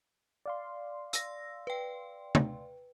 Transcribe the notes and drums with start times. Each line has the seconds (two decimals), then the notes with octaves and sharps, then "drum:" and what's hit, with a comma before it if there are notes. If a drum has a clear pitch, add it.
0.46 D5 F5 C6
1.13 E6 A#6, drum: hi-hat
1.67 B4 G5
2.35 drum: tom